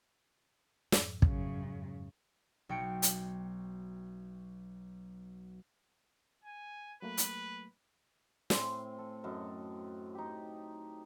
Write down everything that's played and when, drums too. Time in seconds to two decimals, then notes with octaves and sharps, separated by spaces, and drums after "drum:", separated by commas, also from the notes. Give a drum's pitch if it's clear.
0.92 F2 G#2, drum: snare
1.22 F#2 C#3, drum: kick
2.69 B1 F#4 G5 C#7 D7
3.02 drum: hi-hat
6.44 G#5
7.02 F#3 A3 A#3 B4
7.18 drum: hi-hat
8.50 A2 C4 G#5 C6, drum: snare
8.98 A4
9.24 F#2 A4 D#5 A5
10.15 D#4 G4